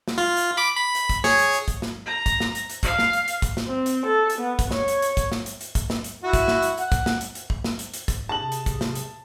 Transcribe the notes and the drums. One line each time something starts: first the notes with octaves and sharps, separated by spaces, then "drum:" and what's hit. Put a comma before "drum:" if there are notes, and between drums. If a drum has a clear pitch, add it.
drum: snare
F4
drum: hi-hat
B5 D6
B5
drum: hi-hat
drum: kick, hi-hat
G#4 C#5, drum: snare
drum: hi-hat
drum: hi-hat
drum: kick, hi-hat
drum: snare
A#5
drum: kick, hi-hat
drum: snare
drum: hi-hat
drum: hi-hat
F5, drum: kick, hi-hat
drum: snare
drum: hi-hat
drum: hi-hat
drum: kick, hi-hat
drum: snare
C4
drum: hi-hat
A4
drum: hi-hat
B3
drum: kick, hi-hat
C#5, drum: snare
drum: hi-hat
drum: hi-hat
drum: kick, hi-hat
drum: snare
drum: hi-hat
drum: hi-hat
drum: kick, hi-hat
drum: snare
drum: hi-hat
E4 F#4
drum: kick, hi-hat
drum: snare
drum: hi-hat
F#5, drum: hi-hat
drum: kick, hi-hat
drum: snare
drum: hi-hat
drum: hi-hat
drum: kick
drum: snare
drum: hi-hat
drum: hi-hat
drum: kick, hi-hat
C3 G#4 A5 F#7
drum: hi-hat
drum: kick, hi-hat
drum: snare
drum: hi-hat